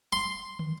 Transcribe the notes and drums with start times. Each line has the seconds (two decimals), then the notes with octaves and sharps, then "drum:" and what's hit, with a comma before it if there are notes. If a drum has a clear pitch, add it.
0.13 C6
0.59 drum: tom